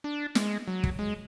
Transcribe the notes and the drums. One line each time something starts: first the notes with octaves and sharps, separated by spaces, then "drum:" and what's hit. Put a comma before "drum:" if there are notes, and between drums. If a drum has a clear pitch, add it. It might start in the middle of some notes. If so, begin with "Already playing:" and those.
D4
G#3, drum: snare
F#3
drum: kick
G#3